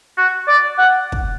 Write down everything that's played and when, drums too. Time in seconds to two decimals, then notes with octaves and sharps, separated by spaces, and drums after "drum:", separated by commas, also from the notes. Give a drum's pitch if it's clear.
0.18 F#4
0.48 D5
0.78 F#5
1.12 drum: kick